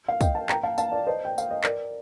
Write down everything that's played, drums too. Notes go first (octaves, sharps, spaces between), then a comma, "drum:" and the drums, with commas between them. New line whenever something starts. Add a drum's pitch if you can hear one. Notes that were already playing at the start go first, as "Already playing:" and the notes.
F5
D#5 G5, drum: kick, tambourine
F5 A5
G5 A#5, drum: clap
F5 A5
F5 A5, drum: tambourine
D5 F5
C5 D#5
G5
F5, drum: tambourine
D#5
A#4 D5, drum: clap